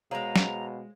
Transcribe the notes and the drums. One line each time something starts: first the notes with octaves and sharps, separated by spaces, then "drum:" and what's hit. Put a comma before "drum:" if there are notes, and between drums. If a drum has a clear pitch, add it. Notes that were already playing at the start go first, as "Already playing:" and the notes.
B2 G#3 G#4 C5 C#5 F5 A#5
drum: snare